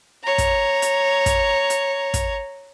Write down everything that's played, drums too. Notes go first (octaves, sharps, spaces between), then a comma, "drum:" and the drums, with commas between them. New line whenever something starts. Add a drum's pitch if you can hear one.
C#5 A#5
drum: kick, hi-hat
drum: hi-hat
drum: kick, hi-hat
drum: hi-hat
drum: kick, hi-hat